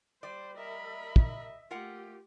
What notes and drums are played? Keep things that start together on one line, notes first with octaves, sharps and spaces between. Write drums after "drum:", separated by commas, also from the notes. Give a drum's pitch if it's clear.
G3 C5 D5
A#4 D#5 E5 B5
drum: kick
A3 F4 G4 A#4 F#5